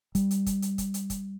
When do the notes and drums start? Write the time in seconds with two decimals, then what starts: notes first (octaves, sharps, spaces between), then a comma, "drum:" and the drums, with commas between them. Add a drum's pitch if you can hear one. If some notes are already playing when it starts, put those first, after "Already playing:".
0.15 G3, drum: kick, hi-hat
0.31 drum: hi-hat
0.46 drum: kick, hi-hat
0.62 drum: hi-hat
0.78 drum: kick, hi-hat
0.94 drum: hi-hat
1.10 drum: kick, hi-hat